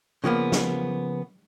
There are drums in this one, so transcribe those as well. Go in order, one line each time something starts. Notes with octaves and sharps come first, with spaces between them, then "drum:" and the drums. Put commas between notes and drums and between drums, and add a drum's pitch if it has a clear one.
C#3 F3 A#3 B3
drum: snare